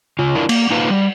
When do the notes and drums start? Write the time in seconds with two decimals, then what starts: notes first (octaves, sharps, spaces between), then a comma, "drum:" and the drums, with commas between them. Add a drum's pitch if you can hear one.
0.19 C#3 F4
0.35 D4 E4 F4 A#4
0.49 A#3, drum: cymbal
0.71 A#3 D#4 F4 B4 F5
0.90 G3